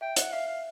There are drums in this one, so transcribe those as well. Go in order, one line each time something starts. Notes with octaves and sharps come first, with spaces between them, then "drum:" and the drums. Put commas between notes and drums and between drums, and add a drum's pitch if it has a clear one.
E5 G5
F#5, drum: hi-hat
E5 F5
F5